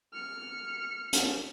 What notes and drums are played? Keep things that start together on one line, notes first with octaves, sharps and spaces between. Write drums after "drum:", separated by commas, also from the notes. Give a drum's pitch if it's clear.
F6 C#7
drum: hi-hat